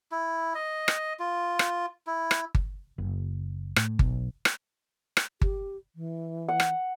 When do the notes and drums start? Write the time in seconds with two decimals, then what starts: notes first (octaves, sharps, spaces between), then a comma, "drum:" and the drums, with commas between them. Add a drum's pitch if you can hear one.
0.12 E4
0.55 D#5
0.88 drum: rim click
1.19 F4
1.59 drum: rim click
2.07 E4
2.31 drum: rim click
2.55 drum: kick G1
2.98 F#1
3.76 A2, drum: rim click
3.99 B1, drum: kick G1
4.45 drum: rim click
5.17 drum: rim click
5.41 G4, drum: kick G1
5.96 E3
6.48 F#5
6.60 drum: rim click